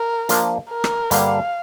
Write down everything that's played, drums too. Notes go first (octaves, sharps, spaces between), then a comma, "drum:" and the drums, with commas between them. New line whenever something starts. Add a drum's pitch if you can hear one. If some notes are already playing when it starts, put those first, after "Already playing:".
Already playing: A#4
F3 A#3 D4 F4, drum: hi-hat
A#4
drum: rim click
G2 D3 G3 A#3 F5, drum: hi-hat